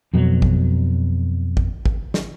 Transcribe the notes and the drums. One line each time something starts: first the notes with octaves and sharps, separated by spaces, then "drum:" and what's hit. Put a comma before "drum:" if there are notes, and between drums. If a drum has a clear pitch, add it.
F2 B2 F#3
drum: kick
drum: kick
drum: kick
drum: snare